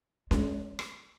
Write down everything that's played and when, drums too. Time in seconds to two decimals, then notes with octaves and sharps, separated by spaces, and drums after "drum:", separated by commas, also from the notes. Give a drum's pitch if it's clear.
0.31 G#3, drum: snare C#4
0.79 drum: rim click